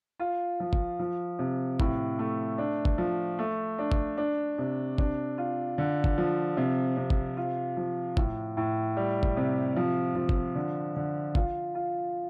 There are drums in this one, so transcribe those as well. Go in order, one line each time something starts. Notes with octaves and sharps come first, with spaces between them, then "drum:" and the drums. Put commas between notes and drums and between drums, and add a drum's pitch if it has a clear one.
F4
F3
drum: kick
F3
C3
A2, drum: kick
A3
D4
drum: kick
F3
A3
D4
drum: kick
D4
C3
D4, drum: kick
F4
D3
drum: kick
F3
C3
C3
drum: kick
F4
F3
A2, drum: kick
A2
G3
drum: kick
C3
F3
F3
drum: kick
D3
D3
F4, drum: kick
F4